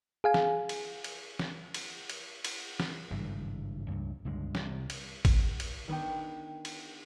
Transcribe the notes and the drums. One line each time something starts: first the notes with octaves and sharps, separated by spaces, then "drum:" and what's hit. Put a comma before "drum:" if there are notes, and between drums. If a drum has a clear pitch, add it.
G#4 F5 G#5
drum: snare
drum: cymbal
drum: cymbal
drum: snare
drum: cymbal
drum: cymbal
drum: cymbal
drum: snare
G#1 G2 C#3 E3
C#2 G2
C#2 G2 D3 G#3
C2 C3, drum: snare
drum: cymbal
drum: kick A1, cymbal
drum: cymbal
D#3 B3 D4 G5
drum: cymbal